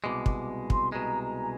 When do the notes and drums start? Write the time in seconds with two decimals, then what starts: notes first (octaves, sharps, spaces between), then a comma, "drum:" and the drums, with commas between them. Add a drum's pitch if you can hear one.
0.04 C2 B2 G#3 D6
0.26 D6, drum: kick
0.70 C6, drum: kick
0.92 C2 B2 G#3 A#5
1.22 A#5
1.43 G#5